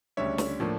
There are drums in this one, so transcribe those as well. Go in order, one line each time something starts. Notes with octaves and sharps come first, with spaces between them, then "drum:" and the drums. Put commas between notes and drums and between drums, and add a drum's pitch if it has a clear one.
D2 C#3 G3 D4 C#5 E5
drum: snare
A2 F3 A#3 D4